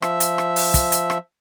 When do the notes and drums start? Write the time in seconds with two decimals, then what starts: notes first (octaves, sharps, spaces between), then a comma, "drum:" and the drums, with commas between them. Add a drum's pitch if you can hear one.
0.02 F3 E5, drum: rim click
0.20 drum: hi-hat
0.38 drum: rim click
0.56 drum: open hi-hat
0.74 drum: kick, hi-hat
0.92 drum: hi-hat
1.10 drum: rim click